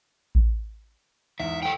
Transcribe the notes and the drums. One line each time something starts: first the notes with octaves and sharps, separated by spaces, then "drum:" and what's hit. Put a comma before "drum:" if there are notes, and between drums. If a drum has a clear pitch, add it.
drum: kick A1
E2 G#2 E5
A4 F#5 G5